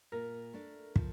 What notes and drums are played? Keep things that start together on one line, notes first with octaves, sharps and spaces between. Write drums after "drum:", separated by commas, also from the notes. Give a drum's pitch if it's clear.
A#2 A#4
A3 D4
F3, drum: kick